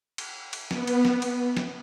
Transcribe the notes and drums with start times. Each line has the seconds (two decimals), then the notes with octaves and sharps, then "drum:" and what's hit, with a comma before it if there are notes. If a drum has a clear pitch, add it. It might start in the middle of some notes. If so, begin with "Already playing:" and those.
0.18 drum: cymbal
0.53 drum: cymbal
0.71 B3, drum: snare
0.87 drum: cymbal
1.05 drum: snare
1.22 drum: cymbal
1.57 drum: snare